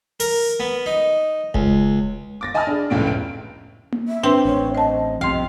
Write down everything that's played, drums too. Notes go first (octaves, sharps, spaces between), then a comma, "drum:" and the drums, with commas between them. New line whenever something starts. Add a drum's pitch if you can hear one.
A#4, drum: open hi-hat
B3
D#4
C#2, drum: kick D#1
D6 A6 A#6
D#5 G#5 A5 B5 D#6 F6
D4 G#4
F1 C#2 A2 C#4 D7
D7
drum: tom A#3
E5
C4 D4 B4
A1 C#5
C5 D#5 A5
B1 F2 C3 F5 G5 C6